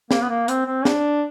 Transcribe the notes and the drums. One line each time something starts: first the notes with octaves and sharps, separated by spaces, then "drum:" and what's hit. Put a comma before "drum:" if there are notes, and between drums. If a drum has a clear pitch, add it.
A#3, drum: snare
B3
A#3
C4, drum: hi-hat
C4
D4, drum: snare